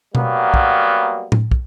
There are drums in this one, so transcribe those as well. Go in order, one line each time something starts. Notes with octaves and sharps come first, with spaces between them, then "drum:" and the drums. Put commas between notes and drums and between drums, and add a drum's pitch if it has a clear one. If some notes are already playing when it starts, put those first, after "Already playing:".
F#3 G3 A#3 B3, drum: tom B2
drum: kick
drum: tom A2
drum: kick